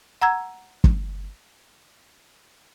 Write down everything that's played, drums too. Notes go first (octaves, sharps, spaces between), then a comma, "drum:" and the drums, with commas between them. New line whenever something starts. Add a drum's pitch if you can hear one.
F#5 A#5 E6 G#6
drum: kick